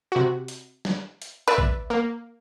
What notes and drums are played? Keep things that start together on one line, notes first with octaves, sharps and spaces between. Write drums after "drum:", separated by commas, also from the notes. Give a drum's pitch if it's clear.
C3 F#4
drum: hi-hat
drum: snare
drum: hi-hat
B4 D5 E5 A6
drum: kick
A#3